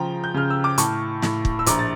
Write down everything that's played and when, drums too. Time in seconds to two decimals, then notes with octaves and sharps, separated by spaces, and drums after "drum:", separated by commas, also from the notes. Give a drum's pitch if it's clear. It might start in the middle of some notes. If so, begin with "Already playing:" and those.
Already playing: C#3 F3 G5 A#5
0.24 G6
0.34 C#3 F6
0.50 E6
0.64 D6
0.78 A2 A5 C#6, drum: hi-hat
1.22 A2, drum: snare
1.45 drum: kick
1.59 E6
1.66 A#1 A#5 D6, drum: hi-hat
1.79 A6